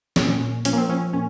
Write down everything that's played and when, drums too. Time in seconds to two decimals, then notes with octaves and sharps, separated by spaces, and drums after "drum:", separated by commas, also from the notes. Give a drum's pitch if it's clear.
0.16 A#2 C#4, drum: snare
0.40 A#2
0.65 F3 C#4, drum: hi-hat
0.73 A#3
0.78 C4
0.89 F3 C#4
1.13 A#2 C#4